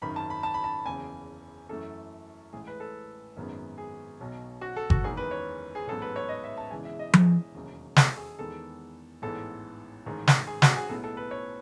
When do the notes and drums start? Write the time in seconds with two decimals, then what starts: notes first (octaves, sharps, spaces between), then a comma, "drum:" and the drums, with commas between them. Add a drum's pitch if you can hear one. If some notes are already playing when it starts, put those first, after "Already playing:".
0.02 G#1 F#2 D#3 B5
0.16 A5
0.30 B5
0.43 A5
0.54 B5
0.64 A5
0.85 F#1 E2 C#3 G#5
1.69 F#2 E3 A3 A4
2.53 A1 A2 G#3 G#4
2.67 B4
2.80 A4
3.36 G#1 F#2 D#3 G#3 B3
3.78 G#4
4.20 B1 B2 F#3
4.61 F#4
4.76 A4
4.90 F#4, drum: kick G1
5.04 F#1 E2 D#3 G#3 G#4
5.17 B4
5.31 C#5
5.75 G#4
5.87 A1 G#2 F#3 B3 A4
6.02 B4
6.16 C#5
6.29 D#5
6.44 E5
6.58 A5
6.71 E1 E2 C#3 E3 G#3 G#5
6.85 E5
6.99 D#5
7.14 G#4, drum: tom F3
7.54 E1 D#2 C#3 F#3
7.96 A4, drum: snare
8.17 G#4
8.39 E2 D#3 G#3 B3 A4
9.22 A1 G#2 E3 B3 A4
10.06 A1 G#2 D#3
10.27 drum: snare
10.47 G#4
10.62 F#4, drum: snare
10.76 G#4
10.89 B1 A2 G#3 B3 A4
11.04 A4
11.17 B4
11.31 C#5